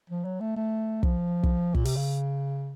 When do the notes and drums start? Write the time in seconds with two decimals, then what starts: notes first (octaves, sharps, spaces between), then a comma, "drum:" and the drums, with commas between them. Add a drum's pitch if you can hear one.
0.10 F3
0.25 F#3
0.40 A3
0.56 A3
1.03 F3, drum: kick
1.43 drum: kick
1.74 A#2, drum: kick
1.85 C3, drum: open hi-hat
1.96 C#3